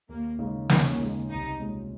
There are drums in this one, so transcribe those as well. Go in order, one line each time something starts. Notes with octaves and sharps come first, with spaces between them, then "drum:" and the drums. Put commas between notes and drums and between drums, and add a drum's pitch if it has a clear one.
D#2 A#3
C#3 G#3 D#4 G#4
D#2 C#4, drum: snare
C#3 G#3 D#4 G#4
C2 D#4
A#2 G#3 C#4